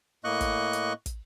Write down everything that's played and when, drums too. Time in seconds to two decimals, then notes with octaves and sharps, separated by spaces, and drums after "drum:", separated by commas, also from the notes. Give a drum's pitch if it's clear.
0.24 A2 A#3 D#5 C#6 F#6
0.41 drum: kick, hi-hat
0.73 drum: hi-hat
1.06 drum: kick, hi-hat